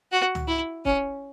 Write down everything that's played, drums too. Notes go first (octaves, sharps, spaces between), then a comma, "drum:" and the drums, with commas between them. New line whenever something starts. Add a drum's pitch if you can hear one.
F#4
drum: tom
E4
C#4, drum: kick